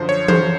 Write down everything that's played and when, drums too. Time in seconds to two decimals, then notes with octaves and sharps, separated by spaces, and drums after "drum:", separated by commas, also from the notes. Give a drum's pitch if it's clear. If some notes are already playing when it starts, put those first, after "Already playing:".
Already playing: F#2 D3 F3 C5
0.09 C#5
0.28 C5, drum: tom E3